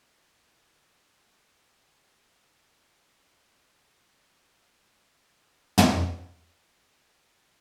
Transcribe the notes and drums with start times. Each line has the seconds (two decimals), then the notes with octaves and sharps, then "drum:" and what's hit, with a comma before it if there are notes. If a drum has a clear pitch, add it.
0.11 A4
1.13 B4
1.65 C#5
2.68 C#5
3.20 C#5
4.23 E5
5.27 F#5
5.78 drum: tom
6.29 G#5